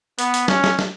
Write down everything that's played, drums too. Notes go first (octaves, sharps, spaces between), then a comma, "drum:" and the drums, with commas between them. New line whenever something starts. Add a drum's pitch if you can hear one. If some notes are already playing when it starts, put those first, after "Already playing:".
B3, drum: hi-hat
drum: hi-hat
C#4, drum: snare
drum: snare
drum: snare